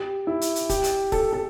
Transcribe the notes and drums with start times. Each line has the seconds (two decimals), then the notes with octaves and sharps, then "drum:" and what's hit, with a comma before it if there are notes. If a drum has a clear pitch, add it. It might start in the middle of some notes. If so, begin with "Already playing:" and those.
Already playing: G4
0.27 E4
0.41 drum: hi-hat
0.56 drum: hi-hat
0.69 G4, drum: kick, hi-hat
0.84 drum: hi-hat
1.12 A4, drum: kick, open hi-hat
1.33 A4